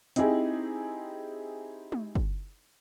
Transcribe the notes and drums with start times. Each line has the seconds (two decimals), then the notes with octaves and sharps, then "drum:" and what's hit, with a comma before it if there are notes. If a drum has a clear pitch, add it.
0.16 C4 D#4 E4 G4 G#4, drum: hi-hat
1.92 drum: tom G#3
2.15 drum: kick